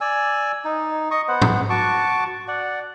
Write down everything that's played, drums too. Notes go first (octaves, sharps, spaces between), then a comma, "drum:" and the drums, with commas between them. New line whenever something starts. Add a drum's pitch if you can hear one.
D5 G#5 E6
D#4
D#5 C#6 D#6
B3 C5 F#5
drum: tom
F#4 A5 C#6 D6
D5 F#5